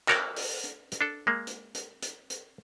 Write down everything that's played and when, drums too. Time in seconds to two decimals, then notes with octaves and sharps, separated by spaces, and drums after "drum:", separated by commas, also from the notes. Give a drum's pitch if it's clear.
0.08 F#4 A#4 C#5 D5 G5, drum: clap
0.36 drum: open hi-hat
0.64 drum: hi-hat
0.91 drum: hi-hat
1.01 D4 A4
1.27 G#3 A#3
1.47 drum: hi-hat
1.74 drum: hi-hat
2.02 drum: hi-hat
2.30 drum: hi-hat